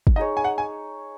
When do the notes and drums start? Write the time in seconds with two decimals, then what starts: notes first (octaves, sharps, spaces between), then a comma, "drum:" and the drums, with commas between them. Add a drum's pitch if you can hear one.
0.07 drum: kick
0.16 D#4 G#4 C#5 D#5
0.37 G#5
0.44 F#5
0.58 G#5